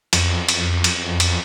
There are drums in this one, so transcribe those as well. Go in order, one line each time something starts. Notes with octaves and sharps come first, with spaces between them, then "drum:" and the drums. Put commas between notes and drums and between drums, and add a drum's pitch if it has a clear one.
F2, drum: cymbal
drum: cymbal
drum: cymbal
drum: cymbal